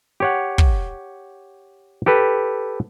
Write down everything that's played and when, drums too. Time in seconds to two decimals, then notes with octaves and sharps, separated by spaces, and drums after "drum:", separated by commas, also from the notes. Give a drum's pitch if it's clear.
0.20 G4 C#5 F#5
0.58 drum: kick
2.06 G4 A4 B4